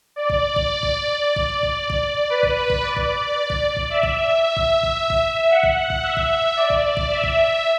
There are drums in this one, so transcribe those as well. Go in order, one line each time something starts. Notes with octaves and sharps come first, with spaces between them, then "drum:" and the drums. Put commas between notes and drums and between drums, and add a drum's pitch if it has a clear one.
D5
drum: kick
drum: kick
drum: kick
drum: kick
drum: kick
drum: kick
B4
drum: kick
drum: kick
D5
drum: kick
drum: kick
drum: kick
E5
drum: kick
E5
drum: kick
drum: kick
drum: kick
F#5
drum: kick
drum: kick
E5
drum: kick
D5
drum: kick
drum: kick
E5
drum: kick